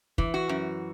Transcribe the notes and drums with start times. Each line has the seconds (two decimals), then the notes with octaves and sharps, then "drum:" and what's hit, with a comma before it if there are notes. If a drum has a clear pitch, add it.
0.18 E3, drum: kick
0.34 F#4
0.49 F#2